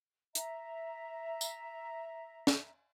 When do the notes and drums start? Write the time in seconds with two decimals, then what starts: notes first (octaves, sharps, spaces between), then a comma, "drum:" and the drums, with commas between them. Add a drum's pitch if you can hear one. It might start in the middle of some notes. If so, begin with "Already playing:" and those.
0.35 E5 A#5, drum: hi-hat
1.41 drum: tambourine
2.47 drum: snare